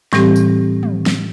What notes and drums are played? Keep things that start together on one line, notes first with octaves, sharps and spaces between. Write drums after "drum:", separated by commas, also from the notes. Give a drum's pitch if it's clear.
A2 E3 G3 C4 G4, drum: snare
drum: tambourine
drum: tom
drum: snare